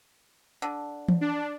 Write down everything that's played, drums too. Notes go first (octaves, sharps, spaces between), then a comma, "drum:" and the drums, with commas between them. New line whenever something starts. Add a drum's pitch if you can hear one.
D3
drum: tom E3
D4